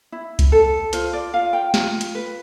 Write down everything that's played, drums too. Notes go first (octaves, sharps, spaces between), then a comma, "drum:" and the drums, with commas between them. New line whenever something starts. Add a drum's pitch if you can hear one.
E4
drum: kick C2, hi-hat
A4
F4 C5, drum: hi-hat
D5
F4 F5
G5
F4, drum: snare
drum: hi-hat
B4